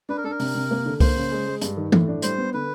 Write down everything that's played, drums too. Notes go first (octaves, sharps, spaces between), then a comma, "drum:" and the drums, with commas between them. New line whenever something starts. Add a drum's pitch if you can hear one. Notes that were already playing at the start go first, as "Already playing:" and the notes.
D4 B4
A#4
D4 A4
A#4
C3, drum: open hi-hat
C3
A#3
D3
A#3 C5, drum: kick C2, open hi-hat
C#3
G#3
G#3
G2, drum: hi-hat
D#3
A2, drum: tom E3
D4
G3 C5, drum: hi-hat
B3
D3 B4